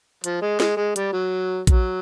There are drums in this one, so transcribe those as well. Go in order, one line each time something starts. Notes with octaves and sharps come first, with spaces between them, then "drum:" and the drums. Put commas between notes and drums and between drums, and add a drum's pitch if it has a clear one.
F3, drum: hi-hat
G#3
G#3, drum: snare
G#3
G3, drum: hi-hat
F#3
F#3, drum: kick A#1, hi-hat